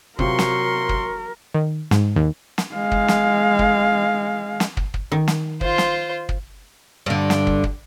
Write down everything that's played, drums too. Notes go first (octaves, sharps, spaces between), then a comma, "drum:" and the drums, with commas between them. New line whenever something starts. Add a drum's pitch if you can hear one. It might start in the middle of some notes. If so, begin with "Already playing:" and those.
C3 F#3 C4 F4 A#4 C6 C#6, drum: kick
drum: snare
drum: kick
D#3
G#2, drum: snare
D#2
drum: snare
G#3 F5
drum: kick
drum: snare
drum: kick
drum: snare
drum: kick
drum: kick
D#3
drum: snare
F4 C5, drum: kick
drum: snare
drum: kick
G2 D3
drum: snare
drum: kick
drum: kick